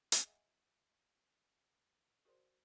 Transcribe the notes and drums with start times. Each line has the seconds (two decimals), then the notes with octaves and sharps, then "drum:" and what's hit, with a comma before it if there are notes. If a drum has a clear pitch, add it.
0.12 drum: hi-hat
0.24 G#4 D#5 E5 F#5 G#5
2.25 F#4 G#4 A#4 C5 D5 C6